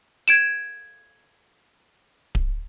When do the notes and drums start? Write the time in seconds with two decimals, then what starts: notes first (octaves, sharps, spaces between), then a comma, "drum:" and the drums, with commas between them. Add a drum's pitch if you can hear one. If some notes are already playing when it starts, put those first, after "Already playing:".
0.28 G#6 D7 E7
2.35 drum: kick D1